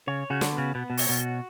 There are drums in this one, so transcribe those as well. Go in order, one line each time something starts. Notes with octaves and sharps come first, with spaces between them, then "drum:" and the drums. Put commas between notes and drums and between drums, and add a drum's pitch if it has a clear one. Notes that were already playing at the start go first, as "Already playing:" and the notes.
C#3 C#5
C#3 F#4
D3, drum: snare
B3
C#3
B2 B3
B2
C#5, drum: open hi-hat
B2
F#4